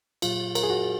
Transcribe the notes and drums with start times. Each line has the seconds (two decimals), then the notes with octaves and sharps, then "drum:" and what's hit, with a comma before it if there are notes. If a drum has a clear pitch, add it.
0.22 A#2 F#3 F4, drum: cymbal
0.55 A#4, drum: cymbal
0.63 G#4
0.70 F#4